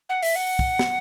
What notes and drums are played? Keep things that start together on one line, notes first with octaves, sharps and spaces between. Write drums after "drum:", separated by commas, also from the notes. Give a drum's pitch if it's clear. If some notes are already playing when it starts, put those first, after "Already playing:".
F#5
E5, drum: open hi-hat
F#5
drum: kick
drum: snare